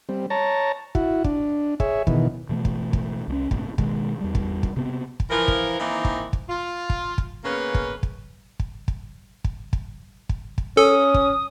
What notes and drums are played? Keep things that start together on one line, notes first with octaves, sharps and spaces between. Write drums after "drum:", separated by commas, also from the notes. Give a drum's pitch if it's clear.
G3 C4
C#5 A5 A#5
E4 F#4, drum: kick
D4, drum: kick
G#4 C#5 E5, drum: kick
B2 D#3 E3, drum: kick
B2 E3 A3
drum: kick
drum: kick
C2 G#3 C#4
G1 A2 C3, drum: kick
B2 D#3 G#3, drum: kick
E2 G3
drum: kick
drum: kick
C3 B3 C4
drum: kick
E3 F3 A#4
drum: kick
D#3 E3 A#3 C4 D#4 E4
drum: kick
drum: kick
F4
drum: kick
drum: kick
C#3 A#3 B3 C#4 B4
drum: kick
drum: kick
drum: kick
drum: kick
drum: kick
drum: kick
drum: kick
drum: kick
C#4 A4 D#6
drum: kick